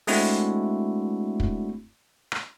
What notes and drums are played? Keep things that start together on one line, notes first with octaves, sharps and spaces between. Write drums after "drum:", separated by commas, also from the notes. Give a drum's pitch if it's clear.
G#3 A3 C4 D4 E4 F#4, drum: open hi-hat
drum: kick
drum: rim click